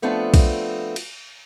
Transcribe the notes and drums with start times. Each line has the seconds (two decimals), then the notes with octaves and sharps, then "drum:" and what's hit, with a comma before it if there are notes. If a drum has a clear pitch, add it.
0.02 F3 A3 B3 C4 D4 F4
0.34 drum: kick, cymbal
0.96 drum: cymbal